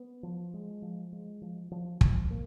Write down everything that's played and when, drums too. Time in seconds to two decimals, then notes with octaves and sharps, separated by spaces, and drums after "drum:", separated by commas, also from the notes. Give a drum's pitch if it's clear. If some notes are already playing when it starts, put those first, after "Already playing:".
Already playing: B3
0.23 F3
0.54 G#3
0.82 F3
1.13 G#3
1.42 F3
1.71 F3
2.01 F3, drum: kick
2.31 A#3